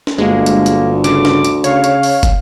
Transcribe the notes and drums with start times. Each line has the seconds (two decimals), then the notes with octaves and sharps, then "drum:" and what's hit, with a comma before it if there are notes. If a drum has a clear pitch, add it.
0.07 drum: snare
0.18 G1 D2 G#3 A#3
0.46 drum: hi-hat
0.66 drum: hi-hat
1.04 C#3 D6, drum: hi-hat
1.25 drum: snare
1.44 drum: hi-hat
1.64 C#3 C#5 F5, drum: hi-hat
1.84 drum: hi-hat
2.03 drum: open hi-hat
2.23 drum: kick, hi-hat